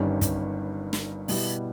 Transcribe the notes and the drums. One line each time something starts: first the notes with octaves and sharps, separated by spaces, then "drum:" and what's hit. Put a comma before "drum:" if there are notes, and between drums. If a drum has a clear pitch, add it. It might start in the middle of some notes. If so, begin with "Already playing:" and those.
Already playing: G1 G2 D#3 G3 C#4
drum: kick, hi-hat
drum: snare
B2 G3 B3 E4, drum: open hi-hat